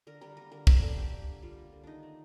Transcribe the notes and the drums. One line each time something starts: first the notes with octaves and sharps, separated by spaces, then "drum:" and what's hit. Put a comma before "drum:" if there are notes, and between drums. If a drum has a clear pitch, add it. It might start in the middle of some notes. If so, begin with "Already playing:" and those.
D3 A#4
G3 A#4
A#3 A#4
D3 A#4
D3 A#4, drum: kick
G3 A4
A#3 G4
D3
D3
G3 F4
A#3
D3
D#3 D4 D#4
A3